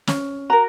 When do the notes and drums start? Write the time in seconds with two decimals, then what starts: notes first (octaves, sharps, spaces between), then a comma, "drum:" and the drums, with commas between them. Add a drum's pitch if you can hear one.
0.07 C#4, drum: snare
0.50 F#4 A#4 A#5